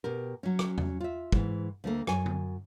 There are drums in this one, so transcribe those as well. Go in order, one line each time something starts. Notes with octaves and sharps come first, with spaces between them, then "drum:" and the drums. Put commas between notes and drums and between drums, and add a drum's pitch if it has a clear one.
B2 G4 A#4
F#3 C#4
drum: rim click
drum: tom E2
F4 E5
G#2 E3, drum: kick
D2 A3 A#3
F#2 G#5, drum: rim click
drum: tom D3